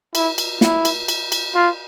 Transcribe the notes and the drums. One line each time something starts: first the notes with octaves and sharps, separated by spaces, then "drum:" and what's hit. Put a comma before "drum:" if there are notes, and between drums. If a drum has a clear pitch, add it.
E4, drum: cymbal
drum: cymbal
E4, drum: snare
drum: cymbal
drum: cymbal
drum: cymbal
F4